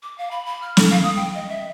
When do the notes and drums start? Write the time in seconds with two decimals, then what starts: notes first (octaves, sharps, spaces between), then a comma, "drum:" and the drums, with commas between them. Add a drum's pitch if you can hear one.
0.03 D6
0.18 F5
0.31 B5
0.46 B5
0.62 F6
0.77 A4, drum: snare
0.90 F5
1.03 D#6
1.16 G5
1.35 D#5
1.49 E5